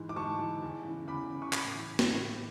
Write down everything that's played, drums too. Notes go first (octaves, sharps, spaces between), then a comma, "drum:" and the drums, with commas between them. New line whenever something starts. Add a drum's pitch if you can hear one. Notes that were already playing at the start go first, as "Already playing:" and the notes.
Already playing: G#2 E3
D6
G#2 A5 C#6
E3
E2
C#3 E3
E2 B5 D6
C#3 E3
C#6
A2 B5 D6, drum: clap
E3
A2, drum: snare
E3